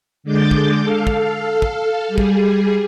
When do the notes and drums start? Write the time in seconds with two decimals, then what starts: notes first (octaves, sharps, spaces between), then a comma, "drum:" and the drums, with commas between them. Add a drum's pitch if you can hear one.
0.23 D3 G#3 D6 G6 A6
0.51 drum: kick
0.79 A4 F5
1.07 drum: kick
1.62 drum: kick
2.08 G3 G#4
2.18 drum: kick